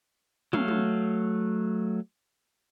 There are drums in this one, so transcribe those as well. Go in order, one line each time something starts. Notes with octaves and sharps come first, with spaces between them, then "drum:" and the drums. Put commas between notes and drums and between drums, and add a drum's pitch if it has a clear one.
F#3 A3 F5, drum: tom
drum: tom